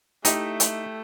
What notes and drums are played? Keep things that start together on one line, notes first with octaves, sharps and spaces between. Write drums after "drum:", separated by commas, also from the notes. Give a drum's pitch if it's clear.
A3 D#4 E4 G4 E5, drum: hi-hat
drum: hi-hat